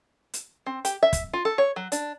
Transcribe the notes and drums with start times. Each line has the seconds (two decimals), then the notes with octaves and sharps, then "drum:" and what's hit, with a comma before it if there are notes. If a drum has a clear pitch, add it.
0.34 drum: hi-hat
0.66 C4
0.85 G4, drum: hi-hat
1.03 E5
1.13 drum: kick, hi-hat
1.33 F4
1.45 A4
1.58 C#5
1.76 F#3
1.92 D4, drum: hi-hat